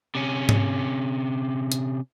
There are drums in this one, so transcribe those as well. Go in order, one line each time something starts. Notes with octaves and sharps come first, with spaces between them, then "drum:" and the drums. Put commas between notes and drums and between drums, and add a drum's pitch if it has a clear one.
C3 C#4
drum: tom G#2
drum: hi-hat